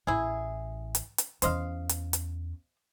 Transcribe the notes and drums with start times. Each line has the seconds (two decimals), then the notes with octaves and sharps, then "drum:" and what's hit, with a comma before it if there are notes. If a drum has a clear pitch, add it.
0.07 A1 E4 G#4
0.95 drum: hi-hat
1.18 drum: hi-hat
1.42 E2 C#4 C5 D#5 F5, drum: hi-hat
1.89 drum: hi-hat
2.13 drum: hi-hat